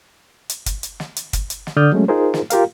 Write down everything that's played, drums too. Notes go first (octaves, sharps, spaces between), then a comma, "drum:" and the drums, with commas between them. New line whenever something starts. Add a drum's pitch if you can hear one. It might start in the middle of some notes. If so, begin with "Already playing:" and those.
drum: hi-hat
drum: kick, hi-hat
drum: hi-hat
drum: snare
drum: hi-hat
drum: kick, hi-hat
drum: hi-hat
drum: snare
D3 D5 D#6 F6 G6
F#3 G#3 A3 C#4
D#4 F4 G#4 A#4 C5
drum: snare
F4 G4 A#4 F5, drum: hi-hat